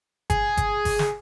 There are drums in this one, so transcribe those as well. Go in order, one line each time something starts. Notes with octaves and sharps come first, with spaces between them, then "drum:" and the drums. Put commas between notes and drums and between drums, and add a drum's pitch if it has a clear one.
G#4, drum: kick G1, hi-hat
drum: kick G1, hi-hat
drum: kick G1, open hi-hat
drum: snare